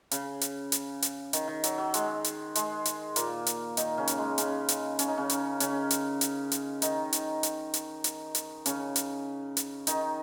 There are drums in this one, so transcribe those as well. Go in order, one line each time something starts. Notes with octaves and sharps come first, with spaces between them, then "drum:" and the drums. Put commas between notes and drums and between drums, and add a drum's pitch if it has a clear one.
C#3, drum: hi-hat
drum: hi-hat
drum: hi-hat
drum: hi-hat
D#3, drum: hi-hat
D#3
F#3, drum: hi-hat
F#3
G#3, drum: hi-hat
drum: hi-hat
G#3, drum: hi-hat
drum: hi-hat
A#2 A#3, drum: hi-hat
drum: hi-hat
D#3 D#4, drum: hi-hat
C#3 C#4
drum: hi-hat
G#3
C#3 C#4, drum: hi-hat
drum: hi-hat
C#4, drum: hi-hat
D#4
C#3 C#4
drum: hi-hat
C#3 C#4, drum: hi-hat
drum: hi-hat
drum: hi-hat
drum: hi-hat
D#3 D#4, drum: hi-hat
drum: hi-hat
drum: hi-hat
drum: hi-hat
drum: hi-hat
drum: hi-hat
C#3 C#4, drum: hi-hat
drum: hi-hat
drum: hi-hat
D#3 D#4, drum: hi-hat